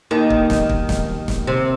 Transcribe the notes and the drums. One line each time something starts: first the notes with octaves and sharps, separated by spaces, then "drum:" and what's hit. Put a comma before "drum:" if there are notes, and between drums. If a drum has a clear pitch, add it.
D#2 D#3
drum: kick
drum: snare
drum: kick
drum: snare
drum: snare
C3